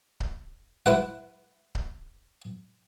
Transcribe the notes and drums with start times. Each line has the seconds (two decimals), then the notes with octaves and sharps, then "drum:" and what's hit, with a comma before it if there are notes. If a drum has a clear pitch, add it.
0.20 drum: kick C#1
0.86 E4 B4 F#5, drum: snare
1.75 drum: kick C#1